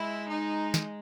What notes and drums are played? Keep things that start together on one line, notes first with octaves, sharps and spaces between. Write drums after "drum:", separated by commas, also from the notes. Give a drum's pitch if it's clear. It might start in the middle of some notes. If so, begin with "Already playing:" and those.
Already playing: G#3 E4
D#4
drum: snare